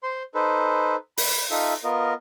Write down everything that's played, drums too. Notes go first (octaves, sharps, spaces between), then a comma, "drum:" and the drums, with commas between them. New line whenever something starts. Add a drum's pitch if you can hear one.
C5 C6
D#4 A4 B4 C5
B5, drum: open hi-hat
D#4 F4 A4 E5
B3 F4 A#4 D#5